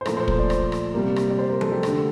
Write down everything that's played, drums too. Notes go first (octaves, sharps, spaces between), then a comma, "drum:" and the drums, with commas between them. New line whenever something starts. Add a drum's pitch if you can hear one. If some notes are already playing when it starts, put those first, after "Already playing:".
C5
A#2 F3 A3 A#4, drum: rim click
C5
drum: kick
D5
drum: rim click
drum: rim click
C3 G3 A#3
drum: rim click
D5
C5
A#4
A4, drum: tom F3
G4
D3 A3, drum: rim click